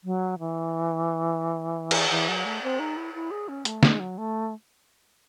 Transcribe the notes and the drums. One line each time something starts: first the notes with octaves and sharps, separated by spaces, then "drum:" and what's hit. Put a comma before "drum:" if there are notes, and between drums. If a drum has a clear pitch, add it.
F#3
E3
drum: cymbal
E3
F#3
A3
C4
D#4
E4
E4
G#4
C#4
A3, drum: hi-hat
G#3, drum: snare
F#3
A3